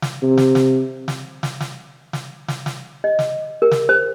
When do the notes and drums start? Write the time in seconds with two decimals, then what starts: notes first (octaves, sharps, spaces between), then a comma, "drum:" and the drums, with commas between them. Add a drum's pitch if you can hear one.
0.02 drum: snare
0.22 C3
0.37 drum: snare
0.55 drum: snare
1.08 drum: snare
1.43 drum: snare
1.61 drum: snare
2.13 drum: snare
2.48 drum: snare
2.66 drum: snare
3.04 D#5
3.19 drum: snare
3.62 A#4
3.71 drum: snare
3.89 C5